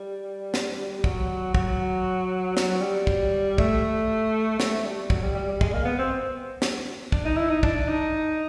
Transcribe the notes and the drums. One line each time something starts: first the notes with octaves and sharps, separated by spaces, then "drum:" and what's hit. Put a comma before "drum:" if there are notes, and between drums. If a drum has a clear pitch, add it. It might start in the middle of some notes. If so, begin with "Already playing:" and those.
Already playing: G3
drum: snare
F#3, drum: kick
F#3, drum: kick
F#3, drum: snare
G3
drum: kick
A3, drum: kick
A3, drum: snare
G3
F#3, drum: kick
G3
G3
G3
G#3, drum: kick
A#3
B3
C4
drum: snare
D4, drum: kick
D#4
E4
D#4
D4, drum: kick
D#4